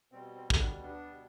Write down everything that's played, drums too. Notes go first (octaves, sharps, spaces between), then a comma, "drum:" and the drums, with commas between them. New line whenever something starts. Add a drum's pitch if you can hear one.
B2 G3 C4
C4
drum: kick
B3 D4
B3 D4
B2 G3